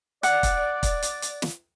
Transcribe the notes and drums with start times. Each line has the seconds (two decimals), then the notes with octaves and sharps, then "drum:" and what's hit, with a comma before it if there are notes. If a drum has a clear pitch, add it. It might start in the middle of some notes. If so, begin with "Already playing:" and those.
0.23 D5 F#5, drum: hi-hat
0.43 drum: kick, hi-hat
0.83 drum: kick, hi-hat
1.03 drum: hi-hat
1.22 drum: hi-hat
1.42 drum: snare